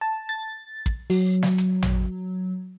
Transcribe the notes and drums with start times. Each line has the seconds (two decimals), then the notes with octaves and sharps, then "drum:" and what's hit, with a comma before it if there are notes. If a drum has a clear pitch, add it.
0.01 A5
0.29 A6
0.86 drum: kick
1.10 F#3, drum: open hi-hat
1.43 drum: snare
1.58 drum: hi-hat
1.82 drum: tom A1